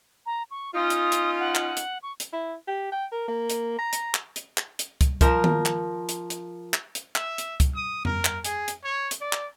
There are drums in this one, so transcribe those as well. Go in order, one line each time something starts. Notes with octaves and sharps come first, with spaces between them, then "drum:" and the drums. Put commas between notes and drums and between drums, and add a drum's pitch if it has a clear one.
A#5
C#6
C#4 D#4 F4 D#6
drum: hi-hat
drum: hi-hat
F#5
drum: clap
drum: hi-hat
C#6
drum: hi-hat
E4
G4
G5
A#4
A#3
drum: hi-hat
A#5
drum: hi-hat
drum: clap
drum: hi-hat
drum: clap
drum: hi-hat
drum: kick, hi-hat
F3 A#4, drum: kick, hi-hat
drum: tom D#3
drum: clap
drum: hi-hat
drum: hi-hat
drum: clap
drum: hi-hat
E5, drum: clap
drum: hi-hat
drum: kick, hi-hat
D#6
A#4, drum: tom F2
drum: clap
G#4, drum: hi-hat
drum: hi-hat
C#5
drum: hi-hat
D5
drum: clap